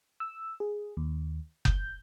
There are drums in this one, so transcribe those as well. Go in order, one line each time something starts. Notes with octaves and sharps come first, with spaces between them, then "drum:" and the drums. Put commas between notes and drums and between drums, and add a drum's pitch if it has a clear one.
E6
G#4
D#2
G6, drum: kick F#1